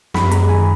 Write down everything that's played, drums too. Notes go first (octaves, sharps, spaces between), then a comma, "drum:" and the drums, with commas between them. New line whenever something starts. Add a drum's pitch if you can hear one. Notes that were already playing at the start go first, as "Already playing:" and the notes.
F#2 B5, drum: snare
G#3 A#5, drum: hi-hat
D#3 G#5